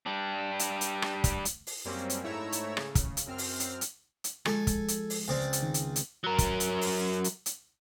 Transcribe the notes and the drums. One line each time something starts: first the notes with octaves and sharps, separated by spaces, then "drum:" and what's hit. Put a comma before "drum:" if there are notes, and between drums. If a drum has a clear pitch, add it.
G3 D4
drum: hi-hat
drum: hi-hat
drum: rim click
drum: kick, hi-hat
drum: hi-hat
drum: open hi-hat
F#2 G3 A#3 C4 C#4
drum: hi-hat
G#2 A3 E4 C#5 A#5 E6
drum: hi-hat
C#3, drum: rim click
drum: kick, hi-hat
drum: hi-hat
F#2 C4 F6
drum: open hi-hat
drum: hi-hat
drum: hi-hat
drum: hi-hat
F3 G#3 A4 G#5, drum: rim click
drum: kick, hi-hat
drum: hi-hat
drum: open hi-hat
C#2 C4 D5
drum: hi-hat
D#3
drum: hi-hat
drum: hi-hat
F#3 A#4
drum: kick, hi-hat
drum: hi-hat
drum: open hi-hat
drum: hi-hat
drum: hi-hat